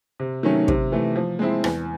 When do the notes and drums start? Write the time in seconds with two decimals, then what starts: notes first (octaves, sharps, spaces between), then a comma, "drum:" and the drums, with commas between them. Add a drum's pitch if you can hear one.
0.20 C3
0.43 D#3 F#3 A3 C#4
0.68 C3, drum: kick
0.92 E3 A3
1.16 F3
1.39 G#3 C4 E4
1.64 E2, drum: rim click